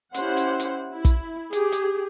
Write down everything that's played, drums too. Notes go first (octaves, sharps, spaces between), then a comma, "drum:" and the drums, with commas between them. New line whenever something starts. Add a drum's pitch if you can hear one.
C#4 E4 G4 C5 F#5, drum: hi-hat
drum: hi-hat
drum: hi-hat
E4
drum: kick, hi-hat
G4 G#4, drum: hi-hat
drum: hi-hat